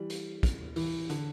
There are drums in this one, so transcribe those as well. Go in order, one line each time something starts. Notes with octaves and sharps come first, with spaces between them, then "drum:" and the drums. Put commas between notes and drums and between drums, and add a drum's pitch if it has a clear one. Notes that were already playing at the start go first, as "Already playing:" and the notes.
Already playing: E3 G3
drum: hi-hat
drum: kick, hi-hat
E3, drum: open hi-hat
D3, drum: hi-hat